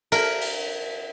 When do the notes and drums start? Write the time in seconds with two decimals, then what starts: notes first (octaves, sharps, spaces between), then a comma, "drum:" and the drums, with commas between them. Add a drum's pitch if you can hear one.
0.12 A#4, drum: cymbal
0.41 drum: open hi-hat